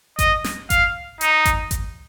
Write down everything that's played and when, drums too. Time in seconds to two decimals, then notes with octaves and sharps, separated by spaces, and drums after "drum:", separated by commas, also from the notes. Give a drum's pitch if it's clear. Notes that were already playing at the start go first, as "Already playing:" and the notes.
0.19 D#5, drum: kick G#1, hi-hat
0.44 drum: snare
0.70 F5, drum: kick G#1, hi-hat
1.21 D#4, drum: hi-hat
1.45 drum: kick G#1, hi-hat
1.71 drum: kick G#1, hi-hat